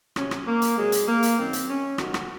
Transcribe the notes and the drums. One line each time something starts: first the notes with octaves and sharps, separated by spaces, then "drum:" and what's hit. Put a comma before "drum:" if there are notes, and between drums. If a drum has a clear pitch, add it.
C3 F#3 C#4, drum: rim click
drum: rim click
A#3
drum: hi-hat
C3 F#3 G#3
drum: hi-hat
A#3
drum: hi-hat
F#2 D#3 F#3 C4
drum: hi-hat
C#4
C3 D#3 F#3 F#4, drum: rim click
drum: rim click